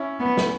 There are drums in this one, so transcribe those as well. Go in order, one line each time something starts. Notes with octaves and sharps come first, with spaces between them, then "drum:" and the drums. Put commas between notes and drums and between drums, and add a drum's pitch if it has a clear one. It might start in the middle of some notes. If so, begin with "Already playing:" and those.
Already playing: C#4 E4
B3
drum: snare